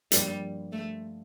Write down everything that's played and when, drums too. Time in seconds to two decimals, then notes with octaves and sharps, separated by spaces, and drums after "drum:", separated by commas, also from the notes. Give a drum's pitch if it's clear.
0.12 G2 F3 G3 A#3 F4, drum: hi-hat
0.72 A3